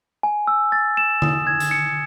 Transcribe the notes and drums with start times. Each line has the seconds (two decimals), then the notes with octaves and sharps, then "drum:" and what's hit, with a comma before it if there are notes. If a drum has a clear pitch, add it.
0.23 G#5
0.47 E6
0.72 A6
0.97 E7
1.22 D#6, drum: tom D3
1.47 G#6
1.60 drum: hi-hat
1.71 C#7